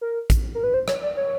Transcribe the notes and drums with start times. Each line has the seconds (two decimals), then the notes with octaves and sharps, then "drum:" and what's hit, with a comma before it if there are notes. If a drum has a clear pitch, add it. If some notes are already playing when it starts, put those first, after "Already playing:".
0.01 A#4
0.30 drum: kick, hi-hat
0.55 A#4
0.64 B4
0.74 C5
0.88 C#5, drum: rim click
1.03 D5
1.17 C#5